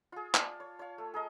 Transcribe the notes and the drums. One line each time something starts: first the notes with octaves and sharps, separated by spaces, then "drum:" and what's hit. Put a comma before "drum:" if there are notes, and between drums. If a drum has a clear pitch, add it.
F4 G#4
D5 A5, drum: clap
C#5
C#5 F5
A3
G#4 A#4 D#5